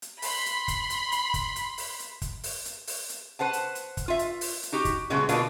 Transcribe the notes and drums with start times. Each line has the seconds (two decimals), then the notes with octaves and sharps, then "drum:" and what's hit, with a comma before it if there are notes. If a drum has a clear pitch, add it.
0.02 drum: hi-hat
0.22 B5 C6, drum: open hi-hat
0.46 drum: hi-hat
0.68 drum: kick, hi-hat
0.90 drum: hi-hat
1.12 drum: hi-hat
1.34 drum: kick, hi-hat
1.56 drum: hi-hat
1.78 drum: open hi-hat
2.00 drum: hi-hat
2.22 drum: kick, hi-hat
2.44 drum: open hi-hat
2.65 drum: hi-hat
2.87 drum: open hi-hat
3.09 drum: hi-hat
3.39 B4 C5 F#5 A5
3.53 drum: hi-hat
3.75 drum: hi-hat
3.97 drum: kick, hi-hat
4.08 F4 E5
4.19 drum: hi-hat
4.41 drum: open hi-hat
4.63 drum: hi-hat
4.72 D#4 F#4 G4
4.85 drum: kick, hi-hat
5.10 A#2 C#3 F#3 G#3 A3 B3
5.29 B2 D3 A#3 B3 D4 F4, drum: hi-hat